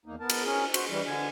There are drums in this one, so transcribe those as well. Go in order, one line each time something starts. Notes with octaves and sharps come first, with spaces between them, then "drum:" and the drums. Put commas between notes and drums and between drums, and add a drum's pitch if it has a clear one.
E2 A#3 D#4
B3 A#4 A5
drum: cymbal
C#4 G#4 A#4
F#4 C5, drum: cymbal
E3 G3
D3 G#5